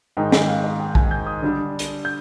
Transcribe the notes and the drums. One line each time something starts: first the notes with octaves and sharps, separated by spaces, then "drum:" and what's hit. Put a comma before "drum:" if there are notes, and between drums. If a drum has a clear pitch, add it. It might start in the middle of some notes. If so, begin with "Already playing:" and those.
G#2 D#3 G#3 D#4 G5
D#5, drum: snare
F5
D#5
G5
G#5, drum: kick
G6
D#6
D3 G3 D4
drum: hi-hat
G6